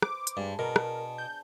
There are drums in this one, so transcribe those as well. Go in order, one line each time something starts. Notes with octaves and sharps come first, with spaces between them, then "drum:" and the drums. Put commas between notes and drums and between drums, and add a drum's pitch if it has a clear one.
B4 C5 D6, drum: rim click
drum: hi-hat
G2 D4 G#4 B4
B2 A#4
drum: rim click
G6